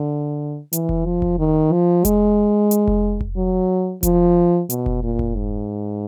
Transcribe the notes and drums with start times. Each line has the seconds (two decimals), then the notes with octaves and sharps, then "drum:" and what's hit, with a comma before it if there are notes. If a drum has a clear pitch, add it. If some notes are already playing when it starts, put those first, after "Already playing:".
Already playing: D3
0.73 E3, drum: hi-hat
0.89 drum: kick F1
1.05 F3
1.22 drum: kick F1
1.39 D#3
1.72 F3
2.05 G#3, drum: kick F1, hi-hat
2.71 drum: hi-hat
2.88 drum: kick F1
3.21 drum: kick F1
3.37 F#3
4.03 F3, drum: kick F1, hi-hat
4.70 B2, drum: hi-hat
4.86 drum: kick F1
5.03 A#2
5.19 drum: kick F1
5.36 G#2